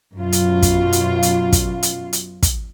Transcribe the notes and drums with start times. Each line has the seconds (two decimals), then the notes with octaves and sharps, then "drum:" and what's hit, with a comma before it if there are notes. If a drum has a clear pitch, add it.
0.17 F#2 B2 F4
0.32 drum: hi-hat
0.62 drum: kick, hi-hat
0.92 drum: hi-hat
1.23 drum: hi-hat
1.53 drum: kick, hi-hat
1.83 drum: hi-hat
2.13 drum: hi-hat
2.43 drum: kick, hi-hat